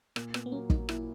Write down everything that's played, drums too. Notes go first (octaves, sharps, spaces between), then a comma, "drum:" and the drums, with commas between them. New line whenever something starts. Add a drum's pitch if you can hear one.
A#2 A#3, drum: rim click
B3, drum: rim click
B3
F#3 A#3 C#4
D#4, drum: kick
A#2 E4, drum: rim click